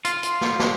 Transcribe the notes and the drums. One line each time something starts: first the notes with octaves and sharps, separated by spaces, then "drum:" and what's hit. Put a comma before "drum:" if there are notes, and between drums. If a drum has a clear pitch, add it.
F4, drum: hi-hat
drum: hi-hat
drum: snare
drum: snare